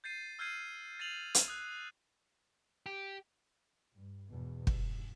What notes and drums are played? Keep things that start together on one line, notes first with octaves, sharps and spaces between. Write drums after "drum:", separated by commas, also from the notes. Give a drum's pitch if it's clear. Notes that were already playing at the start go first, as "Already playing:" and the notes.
G6 A6 C7 D#7
E6 F6 G6 G#6 C7 D#7
A6 C7 D#7 F7 F#7
drum: hi-hat
D#6 F#6
G4
G2
E2 G#2 B2
G2, drum: kick